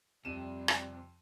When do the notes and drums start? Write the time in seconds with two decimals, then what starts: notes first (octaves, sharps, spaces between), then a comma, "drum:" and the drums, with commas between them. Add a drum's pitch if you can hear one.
0.25 F2 C3 G3 D#7 E7
0.68 drum: rim click